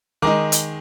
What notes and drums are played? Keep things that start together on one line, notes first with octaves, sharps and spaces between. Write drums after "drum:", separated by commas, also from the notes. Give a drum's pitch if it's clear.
D#3 G#3 D#4 A#5 D6
drum: hi-hat